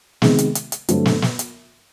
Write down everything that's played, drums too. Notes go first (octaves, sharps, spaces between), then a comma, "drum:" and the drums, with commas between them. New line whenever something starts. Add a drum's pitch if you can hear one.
C3 D#3 G#3 B3, drum: snare
drum: hi-hat
drum: hi-hat
drum: hi-hat
G2 D3 F#3 A3 C4, drum: hi-hat
drum: snare
drum: snare
drum: hi-hat